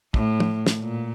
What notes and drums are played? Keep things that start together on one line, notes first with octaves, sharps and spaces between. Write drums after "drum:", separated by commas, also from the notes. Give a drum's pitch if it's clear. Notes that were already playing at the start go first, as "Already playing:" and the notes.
A2, drum: kick
drum: tom
drum: snare
A#2